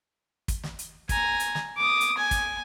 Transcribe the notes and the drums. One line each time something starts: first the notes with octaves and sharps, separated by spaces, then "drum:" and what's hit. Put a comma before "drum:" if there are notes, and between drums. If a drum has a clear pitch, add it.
drum: kick, hi-hat
drum: snare
drum: hi-hat
G#5 A#5, drum: kick, hi-hat
drum: hi-hat
drum: snare
D6 D#6
drum: hi-hat
G#5
drum: kick, hi-hat